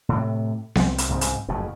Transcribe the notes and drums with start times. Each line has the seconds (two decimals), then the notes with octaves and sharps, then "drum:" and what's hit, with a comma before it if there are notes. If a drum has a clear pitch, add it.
0.09 A2 C3
0.75 C2 C4, drum: snare B3
0.98 drum: hi-hat
1.09 C2 G#2 C#3 C4
1.21 drum: hi-hat
1.49 F#1 F2 A2